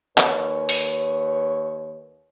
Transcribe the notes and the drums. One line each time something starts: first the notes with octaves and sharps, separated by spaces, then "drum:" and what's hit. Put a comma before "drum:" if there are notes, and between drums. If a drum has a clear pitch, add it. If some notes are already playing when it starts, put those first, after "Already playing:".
D#2 B4 C#5, drum: clap
drum: open hi-hat